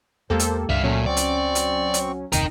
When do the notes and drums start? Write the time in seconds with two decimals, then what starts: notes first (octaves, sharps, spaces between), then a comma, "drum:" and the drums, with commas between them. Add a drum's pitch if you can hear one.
0.30 E2 G#3 A#3 G4 A4 C5
0.39 drum: hi-hat
0.69 C#2 G2 G3 E5 F5 E7
0.83 A#2 F#3 A3 C#4
1.06 C4 D5 C#6
1.17 drum: hi-hat
1.55 drum: hi-hat
1.94 drum: hi-hat
2.32 F#1 D#2 C3 D#4 A#4 G5 A#5, drum: hi-hat